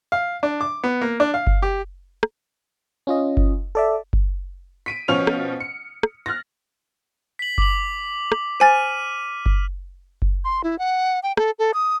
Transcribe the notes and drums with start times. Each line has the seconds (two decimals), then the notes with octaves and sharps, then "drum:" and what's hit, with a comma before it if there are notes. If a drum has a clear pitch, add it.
0.12 F5
0.43 D4
0.61 D6
0.84 B3
1.02 A#3
1.20 D4
1.34 F5
1.47 drum: kick F#1
1.62 G4
2.23 drum: rim click
3.07 C#4 F4 D#5
3.37 drum: kick F#1
3.75 A4 D5 E5
4.13 drum: kick F#1
4.86 B6 D7 D#7
5.08 B2 F3 C#4 C#5 F6 F7
5.27 drum: rim click
5.60 C#7
6.03 drum: rim click
6.26 F6 F#6 A6 A#6
7.39 B6 F#7
7.58 D6 F#7, drum: kick F#1
8.32 drum: rim click
8.60 C5 G#5 F6 A6 D#7
9.46 drum: kick F#1
10.22 drum: kick F#1
10.44 C6
10.64 E4
10.79 F#5
11.23 G5
11.37 A4, drum: rim click
11.59 A4
11.74 D#6